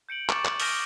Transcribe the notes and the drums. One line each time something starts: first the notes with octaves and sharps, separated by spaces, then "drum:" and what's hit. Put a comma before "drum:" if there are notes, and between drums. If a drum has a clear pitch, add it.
G6 C#7 D7 F#7
C#6 D6 A6 C#7 E7, drum: clap
drum: clap
D#6 F6 G6 A#6 D7, drum: open hi-hat